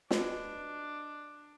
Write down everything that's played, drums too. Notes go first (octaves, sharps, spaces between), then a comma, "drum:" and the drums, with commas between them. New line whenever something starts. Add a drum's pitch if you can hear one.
D4 F#4 G#4 B4 D#5, drum: snare